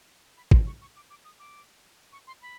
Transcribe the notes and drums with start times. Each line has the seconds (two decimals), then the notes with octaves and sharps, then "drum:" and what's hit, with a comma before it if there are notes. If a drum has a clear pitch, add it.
0.37 B5
0.51 C6, drum: kick
0.67 C#6
0.81 C#6
0.96 D6
1.10 D6
1.25 D#6
1.40 D6
2.12 C#6
2.27 C6
2.42 B5